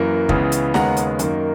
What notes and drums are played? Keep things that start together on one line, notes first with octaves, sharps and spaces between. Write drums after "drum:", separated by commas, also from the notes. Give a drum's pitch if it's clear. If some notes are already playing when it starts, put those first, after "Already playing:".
Already playing: F#2 E3 A#3
C#2 C#3 E3 B3, drum: kick
drum: hi-hat
D#2 C#3 G#3 B3 F#5 A#5, drum: snare
drum: hi-hat
F#2 D#3 A#3, drum: hi-hat